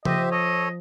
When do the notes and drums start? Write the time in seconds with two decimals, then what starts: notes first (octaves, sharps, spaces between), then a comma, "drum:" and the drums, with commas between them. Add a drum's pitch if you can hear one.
0.05 F3 G4 C5 D#5 E5, drum: tom C#3
0.31 A4 C#5 D#5